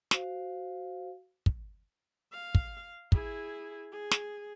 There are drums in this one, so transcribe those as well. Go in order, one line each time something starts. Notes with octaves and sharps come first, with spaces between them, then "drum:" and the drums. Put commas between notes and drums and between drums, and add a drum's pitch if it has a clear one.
F#4 C5 F5, drum: snare
drum: kick
F5
drum: kick
E4 G#4, drum: kick
G#4
drum: snare